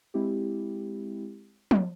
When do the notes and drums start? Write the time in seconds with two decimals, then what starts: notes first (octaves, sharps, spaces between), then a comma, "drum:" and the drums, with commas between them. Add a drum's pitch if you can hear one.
0.14 G#3 C4 E4 G4
1.71 drum: tom